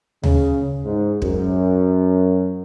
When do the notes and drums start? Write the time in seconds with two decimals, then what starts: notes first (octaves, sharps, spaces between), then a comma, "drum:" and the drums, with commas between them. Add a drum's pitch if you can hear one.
0.23 C#3, drum: tom D2
0.85 G#2
1.22 F#2, drum: kick